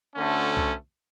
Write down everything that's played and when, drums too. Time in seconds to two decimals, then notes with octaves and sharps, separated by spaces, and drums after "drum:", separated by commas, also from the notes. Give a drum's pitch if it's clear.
0.15 D2 D3 A3 C#4
0.57 drum: kick